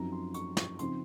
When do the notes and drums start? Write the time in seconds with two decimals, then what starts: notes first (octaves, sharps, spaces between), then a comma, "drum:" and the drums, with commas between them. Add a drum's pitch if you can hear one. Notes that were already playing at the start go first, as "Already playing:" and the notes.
Already playing: F#2 F3 C4 D#4 A#5
0.12 C6
0.34 C#6, drum: hi-hat
0.57 C#6, drum: snare
0.79 C#3 F3 C4 D#4 C6, drum: hi-hat